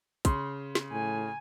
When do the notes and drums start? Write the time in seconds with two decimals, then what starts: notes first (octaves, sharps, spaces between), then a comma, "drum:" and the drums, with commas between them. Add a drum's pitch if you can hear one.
0.25 C#3 C6, drum: kick, hi-hat
0.75 drum: snare
0.92 A2 G#5